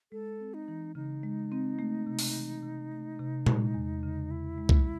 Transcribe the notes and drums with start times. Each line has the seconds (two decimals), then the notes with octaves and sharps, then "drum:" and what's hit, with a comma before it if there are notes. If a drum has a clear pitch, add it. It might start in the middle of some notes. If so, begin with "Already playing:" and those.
0.12 G#3 A4
0.40 C4
0.54 D#4
0.68 E3
0.95 C#3 D#4
1.23 G#3
1.52 C4
1.79 A3
2.07 C3
2.19 drum: open hi-hat
2.35 E3
2.63 C3
2.92 A3
3.19 C3
3.46 G#3, drum: tom A#2
3.75 E2
4.03 C#3
4.30 E2 E4
4.58 G#3
4.69 drum: kick